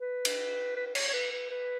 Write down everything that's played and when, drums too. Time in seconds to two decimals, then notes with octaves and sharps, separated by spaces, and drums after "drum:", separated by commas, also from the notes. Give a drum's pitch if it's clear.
0.01 B4
0.25 drum: cymbal
0.76 B4
0.87 B4
0.95 C#5, drum: cymbal
1.08 C#5
1.14 B4
1.32 B4
1.51 B4